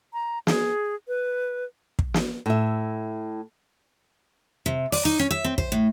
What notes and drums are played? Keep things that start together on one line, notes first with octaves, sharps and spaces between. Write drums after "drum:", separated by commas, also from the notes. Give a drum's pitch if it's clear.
A#5
G#4, drum: snare
B4
drum: kick
drum: snare
A2 E5
C3
D5, drum: open hi-hat
D#4
C#4
E5
C4
C5, drum: kick
A2